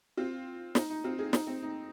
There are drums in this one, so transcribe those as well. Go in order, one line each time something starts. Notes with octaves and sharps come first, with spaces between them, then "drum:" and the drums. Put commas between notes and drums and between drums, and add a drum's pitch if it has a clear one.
C4 F4
D#4, drum: snare
D#4
C4 F4
D#4 G#4
D#4, drum: snare
C4
D#4